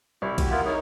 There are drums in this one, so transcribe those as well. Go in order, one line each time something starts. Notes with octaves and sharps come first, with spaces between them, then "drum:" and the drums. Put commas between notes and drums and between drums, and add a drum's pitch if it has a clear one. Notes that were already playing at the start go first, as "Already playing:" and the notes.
C2 E4
F#4 G4, drum: kick A#1, cymbal
B3 E4 F4 A#4
D#4 E4 G#4 A#4 C#5